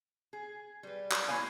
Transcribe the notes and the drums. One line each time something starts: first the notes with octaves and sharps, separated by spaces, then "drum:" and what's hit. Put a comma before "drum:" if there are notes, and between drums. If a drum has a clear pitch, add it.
G#4
G3 B4
drum: clap
A#3 B3 E4 C#5 F5 G#5